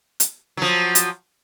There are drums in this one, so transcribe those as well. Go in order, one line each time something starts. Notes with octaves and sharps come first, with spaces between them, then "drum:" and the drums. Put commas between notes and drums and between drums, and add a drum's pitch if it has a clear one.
drum: hi-hat
F3 F#3
drum: hi-hat